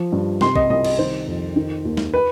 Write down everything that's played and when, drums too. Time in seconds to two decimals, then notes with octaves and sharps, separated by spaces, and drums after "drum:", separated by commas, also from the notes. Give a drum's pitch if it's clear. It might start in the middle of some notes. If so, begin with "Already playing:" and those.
Already playing: F3
0.12 G2
0.41 C3 C6, drum: snare
0.56 D#5, drum: kick A#1
0.70 C2 D#5
0.84 D#5, drum: cymbal
0.99 D#3 C5
1.27 F2
1.56 D#3
1.85 D#2
1.97 drum: snare
2.14 B4